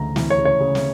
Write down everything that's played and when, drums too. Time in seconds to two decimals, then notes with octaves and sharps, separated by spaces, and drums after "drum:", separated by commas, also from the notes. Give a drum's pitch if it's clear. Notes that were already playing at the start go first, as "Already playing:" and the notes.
Already playing: D2 C#3 E3 A#5
0.16 E3, drum: snare
0.30 C#5
0.38 C#3
0.45 C#5
0.60 C#3
0.75 drum: snare